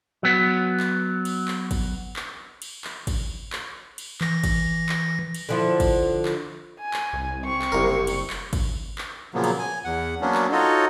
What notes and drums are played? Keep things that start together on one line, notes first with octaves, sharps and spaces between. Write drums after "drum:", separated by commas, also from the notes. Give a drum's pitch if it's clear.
F#3 B3
drum: clap
drum: cymbal
drum: clap
drum: kick, cymbal
drum: clap
drum: cymbal
drum: clap
drum: kick, cymbal
drum: clap
drum: cymbal
E3 A#6, drum: clap
drum: kick, cymbal
drum: clap
drum: cymbal
D3 F3 E4
drum: kick, cymbal
drum: clap
G#5
drum: clap
C2
C4 C#6
drum: clap
F#1 C2 A#4
drum: cymbal
drum: clap
drum: kick, cymbal
drum: clap
A#2 C#3 F3 F#3 A#3 B3
drum: cymbal
G#5
E2 F#5
F#3 A#3 B3 C#4 D4
drum: clap
D#4 F4 F#4 A4 C#5 D#5